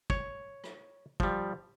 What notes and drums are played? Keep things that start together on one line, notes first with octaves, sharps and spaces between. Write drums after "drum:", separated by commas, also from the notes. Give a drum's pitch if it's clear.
C#5, drum: kick
drum: rim click
F3 G3, drum: kick